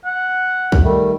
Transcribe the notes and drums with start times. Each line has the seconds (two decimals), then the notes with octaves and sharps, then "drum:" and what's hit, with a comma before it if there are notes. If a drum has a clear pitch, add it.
0.05 F#5
0.72 drum: kick B1
0.83 D#3 G3 A3